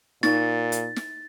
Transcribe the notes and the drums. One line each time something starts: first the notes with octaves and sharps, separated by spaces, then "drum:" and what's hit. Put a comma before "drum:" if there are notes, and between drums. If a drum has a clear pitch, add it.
A#2 D#4 A6, drum: snare
drum: hi-hat
drum: snare